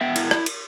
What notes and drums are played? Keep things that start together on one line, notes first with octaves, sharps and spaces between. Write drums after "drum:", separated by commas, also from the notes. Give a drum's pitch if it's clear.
B3 E5 G5
E4, drum: cymbal
drum: rim click
drum: cymbal